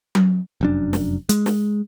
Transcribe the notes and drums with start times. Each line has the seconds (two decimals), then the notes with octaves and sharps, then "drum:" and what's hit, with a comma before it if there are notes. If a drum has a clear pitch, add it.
0.15 drum: tom F#3
0.61 F1 F#2 D4
0.93 drum: snare
1.29 G#3, drum: hi-hat
1.46 drum: snare